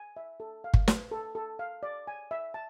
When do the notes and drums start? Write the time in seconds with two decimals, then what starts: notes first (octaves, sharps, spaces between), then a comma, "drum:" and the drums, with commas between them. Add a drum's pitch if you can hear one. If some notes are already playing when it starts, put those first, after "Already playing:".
Already playing: G#5
0.17 E5
0.40 A4
0.64 F5
0.74 drum: kick G1
0.88 B4, drum: snare
1.11 A4
1.35 A4
1.59 F5
1.83 D5
2.07 G#5
2.31 E5
2.54 A5